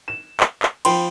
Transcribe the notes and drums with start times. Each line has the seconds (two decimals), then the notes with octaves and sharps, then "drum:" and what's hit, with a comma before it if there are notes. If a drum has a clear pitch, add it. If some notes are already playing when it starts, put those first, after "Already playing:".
0.08 E7
0.40 drum: clap
0.63 drum: clap
0.85 F3 G5 B5 C6, drum: cymbal